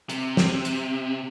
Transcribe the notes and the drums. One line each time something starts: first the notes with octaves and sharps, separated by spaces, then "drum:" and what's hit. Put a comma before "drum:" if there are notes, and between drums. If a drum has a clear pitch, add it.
C3, drum: hi-hat
drum: snare
drum: hi-hat